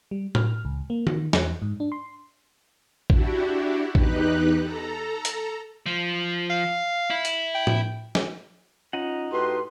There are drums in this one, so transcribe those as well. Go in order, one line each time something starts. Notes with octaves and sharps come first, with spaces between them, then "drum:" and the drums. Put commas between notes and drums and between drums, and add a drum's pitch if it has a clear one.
G3
F6, drum: tom A2
C#2
A#3
D#3, drum: tom D#3
E2, drum: snare
G#2
D4
C6
D4 E4 F#4 G4, drum: kick A#1
E2 D#4 G4 B4 F#6, drum: kick A#1
A4 A#5
drum: hi-hat
F3
F5
E4
drum: hi-hat
G5
drum: tom A2
drum: snare
C#4 D#4 F4 D#5 F#5
A2 F#4 G4 B4 C6